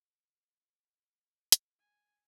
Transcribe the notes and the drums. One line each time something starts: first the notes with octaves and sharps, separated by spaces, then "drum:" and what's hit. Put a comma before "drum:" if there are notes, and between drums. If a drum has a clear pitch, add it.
drum: hi-hat
G#5